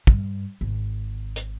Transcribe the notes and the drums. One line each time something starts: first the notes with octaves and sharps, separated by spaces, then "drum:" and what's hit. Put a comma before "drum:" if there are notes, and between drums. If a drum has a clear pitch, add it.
G2, drum: kick
G#1
drum: hi-hat